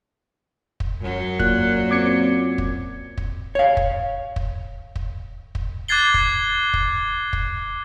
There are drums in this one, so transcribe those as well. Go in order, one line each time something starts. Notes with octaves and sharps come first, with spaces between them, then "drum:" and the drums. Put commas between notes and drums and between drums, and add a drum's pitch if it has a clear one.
drum: kick
F#2 F#3
A#2 F#6, drum: kick
C4 D6 G#6 C#7
drum: kick
drum: kick
C#5 F5
drum: kick
drum: kick
drum: kick
drum: kick
D6 F#6 G#6 A6 C7 G7
drum: kick
drum: kick
drum: kick